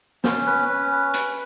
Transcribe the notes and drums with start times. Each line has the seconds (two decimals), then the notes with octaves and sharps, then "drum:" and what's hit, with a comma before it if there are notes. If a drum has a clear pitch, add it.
0.24 C#4, drum: snare
0.47 B4
0.69 C#4
0.91 B4
1.14 B4, drum: hi-hat